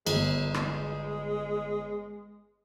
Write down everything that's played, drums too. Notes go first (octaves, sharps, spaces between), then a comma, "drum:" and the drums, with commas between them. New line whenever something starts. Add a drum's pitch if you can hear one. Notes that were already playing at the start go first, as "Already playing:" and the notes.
G1 G#3, drum: cymbal
drum: rim click